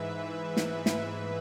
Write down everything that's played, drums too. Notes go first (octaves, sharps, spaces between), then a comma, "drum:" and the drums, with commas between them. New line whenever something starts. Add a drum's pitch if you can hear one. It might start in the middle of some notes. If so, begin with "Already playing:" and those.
Already playing: G#2 E3 B4 E5
drum: snare
drum: snare